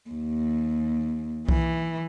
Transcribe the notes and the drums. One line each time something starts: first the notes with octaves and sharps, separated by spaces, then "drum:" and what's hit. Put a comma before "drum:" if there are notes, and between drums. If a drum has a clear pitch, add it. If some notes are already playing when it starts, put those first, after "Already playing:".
D#2
E3, drum: kick B1